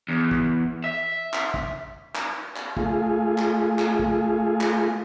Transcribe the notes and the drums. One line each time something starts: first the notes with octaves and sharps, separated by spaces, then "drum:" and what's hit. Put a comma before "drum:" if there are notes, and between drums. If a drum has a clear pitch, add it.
E2
drum: kick
E5
drum: clap
drum: kick
drum: clap
drum: clap
A3 F4 G#4, drum: kick
drum: clap
drum: clap
drum: kick
drum: clap